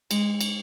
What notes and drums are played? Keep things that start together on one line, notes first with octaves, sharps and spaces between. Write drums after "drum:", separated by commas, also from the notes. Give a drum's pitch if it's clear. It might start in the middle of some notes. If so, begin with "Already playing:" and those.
G#3, drum: cymbal
drum: cymbal